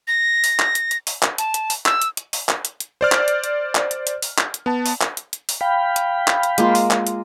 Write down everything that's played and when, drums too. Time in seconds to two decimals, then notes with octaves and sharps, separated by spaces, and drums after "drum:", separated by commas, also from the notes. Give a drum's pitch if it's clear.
0.08 A#6
0.44 drum: open hi-hat
0.59 drum: clap
0.75 drum: hi-hat
0.91 drum: hi-hat
1.07 drum: open hi-hat
1.23 drum: clap
1.38 A5, drum: hi-hat
1.54 drum: hi-hat
1.70 drum: open hi-hat
1.86 E6, drum: clap
2.02 drum: hi-hat
2.17 drum: hi-hat
2.33 drum: open hi-hat
2.49 drum: clap
2.65 drum: hi-hat
2.80 drum: hi-hat
3.01 C5 D5 F6
3.12 drum: clap
3.28 drum: hi-hat
3.44 drum: hi-hat
3.75 drum: clap
3.91 drum: hi-hat
4.07 drum: hi-hat
4.22 drum: open hi-hat
4.38 drum: clap
4.54 drum: hi-hat
4.66 B3 A5
4.86 drum: open hi-hat
5.01 drum: clap
5.17 drum: hi-hat
5.33 drum: hi-hat
5.49 drum: open hi-hat
5.61 F5 G5 B5
5.96 drum: hi-hat
6.28 drum: clap
6.43 drum: hi-hat
6.58 G#3 A#3 F4, drum: hi-hat
6.75 drum: open hi-hat
6.91 drum: clap
7.07 drum: hi-hat